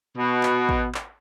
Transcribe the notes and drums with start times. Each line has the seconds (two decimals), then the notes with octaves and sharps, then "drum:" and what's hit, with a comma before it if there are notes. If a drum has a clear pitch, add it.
0.18 B2
0.43 drum: clap
0.69 drum: kick A1
0.94 drum: clap